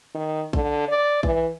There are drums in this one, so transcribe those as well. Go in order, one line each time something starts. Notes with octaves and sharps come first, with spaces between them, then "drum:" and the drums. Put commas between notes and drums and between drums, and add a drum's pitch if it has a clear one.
D#3
D3, drum: kick A#1
D5
E3, drum: kick A#1